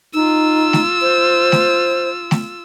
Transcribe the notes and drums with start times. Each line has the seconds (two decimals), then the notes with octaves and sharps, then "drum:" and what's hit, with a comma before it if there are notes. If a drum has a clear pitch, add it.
0.14 D#4 F4 E6
0.73 drum: snare A3
1.02 C5
1.52 drum: snare A3
2.31 drum: snare A3